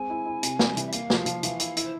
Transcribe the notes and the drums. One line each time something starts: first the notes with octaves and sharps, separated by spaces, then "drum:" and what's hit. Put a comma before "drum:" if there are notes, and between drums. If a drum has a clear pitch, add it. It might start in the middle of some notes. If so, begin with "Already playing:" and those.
Already playing: G#3 C4 G#5
E4
E4
C3, drum: hi-hat
G3, drum: snare
E3, drum: hi-hat
E5
A#3 F5, drum: hi-hat
F3, drum: snare
F3, drum: hi-hat
E3, drum: hi-hat
E4, drum: hi-hat
E4, drum: hi-hat
C5